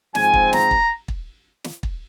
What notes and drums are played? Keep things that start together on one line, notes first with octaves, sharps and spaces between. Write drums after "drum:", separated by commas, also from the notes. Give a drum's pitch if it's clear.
G#2 F3 C4 G#5, drum: snare
drum: kick
A#5, drum: snare
drum: kick
drum: kick
drum: snare
drum: kick